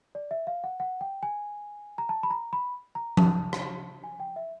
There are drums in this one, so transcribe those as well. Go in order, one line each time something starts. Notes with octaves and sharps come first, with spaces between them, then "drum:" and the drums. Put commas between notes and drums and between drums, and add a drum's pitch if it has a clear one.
D5
E5
F5
F#5
F#5
G5
G#5
A#5
A5
B5
A#5
B5
A#5
A5, drum: tom F3
drum: rim click
G#5
G5
E5